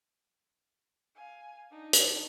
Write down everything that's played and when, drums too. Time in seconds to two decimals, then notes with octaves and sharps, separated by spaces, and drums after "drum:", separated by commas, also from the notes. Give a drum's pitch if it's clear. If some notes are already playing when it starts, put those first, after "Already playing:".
1.15 F5 G#5
1.71 D4 D#4
1.93 drum: hi-hat